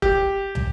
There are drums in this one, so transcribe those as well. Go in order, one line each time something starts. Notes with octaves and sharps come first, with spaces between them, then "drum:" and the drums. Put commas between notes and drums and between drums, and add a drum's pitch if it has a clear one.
G4, drum: kick E1
drum: tom